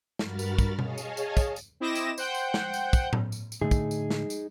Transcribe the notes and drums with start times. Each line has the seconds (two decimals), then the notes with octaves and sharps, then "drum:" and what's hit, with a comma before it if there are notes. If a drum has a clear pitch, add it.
0.19 G2 F#4 A#4 B5 F6 A6, drum: snare
0.39 drum: tambourine
0.58 drum: kick, tambourine
0.79 G#4 C#5 D#5 F5 G#5 A5, drum: tom B2
0.98 drum: tambourine
1.17 drum: tambourine
1.37 drum: kick, tambourine
1.56 drum: tambourine
1.80 C4 E4 D#5 D6 A#6 E7
1.95 drum: tambourine
2.18 C5 F#5 G5 G6, drum: tambourine
2.34 drum: tambourine
2.54 drum: snare
2.74 drum: tambourine
2.93 drum: kick, tambourine
3.13 drum: tom A2
3.32 drum: tambourine
3.52 drum: tambourine
3.61 A2 D3 A3 D#4 G#4
3.71 drum: kick, tambourine
3.91 drum: tambourine
4.10 drum: snare
4.30 drum: tambourine